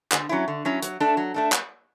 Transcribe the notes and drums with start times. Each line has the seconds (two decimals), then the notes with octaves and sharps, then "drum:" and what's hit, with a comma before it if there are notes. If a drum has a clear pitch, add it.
0.12 D3, drum: clap
0.29 F#3 C#4 E4
0.48 D3
0.65 F#3 C#4 E4
0.82 F#3, drum: hi-hat
1.00 A3 D4 A4
1.17 F#3
1.34 A3 D4 A4
1.52 drum: clap